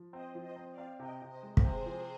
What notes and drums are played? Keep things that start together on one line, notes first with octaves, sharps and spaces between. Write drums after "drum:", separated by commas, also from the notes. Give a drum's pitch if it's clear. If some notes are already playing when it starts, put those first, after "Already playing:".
Already playing: F3
C4 C5 D#5
F3
C5 D#5
C4
D5 F5
C4
C3 D#5 G5
C3
C5 D#5
G#3
G#4 C5, drum: kick
C3
F3